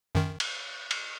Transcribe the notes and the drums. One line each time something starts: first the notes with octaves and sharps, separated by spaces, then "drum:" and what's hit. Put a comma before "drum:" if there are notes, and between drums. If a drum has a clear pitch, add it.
F#2 D#3
drum: cymbal
drum: cymbal